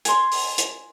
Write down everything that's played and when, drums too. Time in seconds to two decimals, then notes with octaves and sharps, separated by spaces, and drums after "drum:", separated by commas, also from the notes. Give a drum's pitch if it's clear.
0.05 G#5 C6, drum: hi-hat
0.32 drum: open hi-hat
0.58 drum: hi-hat